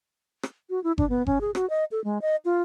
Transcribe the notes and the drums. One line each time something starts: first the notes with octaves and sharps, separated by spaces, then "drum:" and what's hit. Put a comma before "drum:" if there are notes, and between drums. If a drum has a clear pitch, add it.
drum: rim click
F#4
E4
D4, drum: kick G1
B3
C#4, drum: kick G1
G#4
F#4, drum: rim click
D#5
A4
G#3
D#5
F4